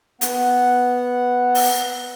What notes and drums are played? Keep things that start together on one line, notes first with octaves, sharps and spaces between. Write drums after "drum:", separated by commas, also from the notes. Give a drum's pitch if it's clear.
B3 F#5, drum: hi-hat
drum: open hi-hat